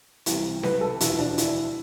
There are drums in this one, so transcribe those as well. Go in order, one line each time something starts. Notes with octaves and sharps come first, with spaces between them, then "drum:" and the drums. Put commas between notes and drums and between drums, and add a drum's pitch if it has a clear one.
C2 C3 E3, drum: hi-hat
B4, drum: snare C4
A4
E1 D2 D3 F3 E4, drum: hi-hat
D4
E4, drum: hi-hat